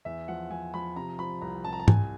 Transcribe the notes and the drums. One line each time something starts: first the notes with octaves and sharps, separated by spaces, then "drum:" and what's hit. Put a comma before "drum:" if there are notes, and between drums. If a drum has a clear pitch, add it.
E2 E5
F3 F#5
F3 G#5
F3 B5
C3 A#5
F3 B5
C2 A#5
C2 A5
A#5
A5
C2 G#5, drum: tom G#2